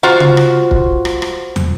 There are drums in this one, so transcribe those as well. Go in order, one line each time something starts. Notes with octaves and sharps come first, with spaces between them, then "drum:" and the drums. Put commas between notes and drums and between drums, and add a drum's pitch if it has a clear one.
F4 F#4 C5
drum: tom C#3
drum: rim click
drum: kick
drum: rim click
drum: rim click
drum: tom